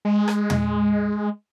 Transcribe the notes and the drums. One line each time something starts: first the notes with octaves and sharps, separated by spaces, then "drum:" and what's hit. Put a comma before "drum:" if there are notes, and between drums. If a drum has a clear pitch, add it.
G#3
drum: rim click
drum: tom